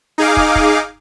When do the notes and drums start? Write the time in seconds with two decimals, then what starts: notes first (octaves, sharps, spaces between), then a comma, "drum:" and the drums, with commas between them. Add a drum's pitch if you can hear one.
0.18 D#4 G#4 F5 D6
0.37 drum: kick
0.56 drum: kick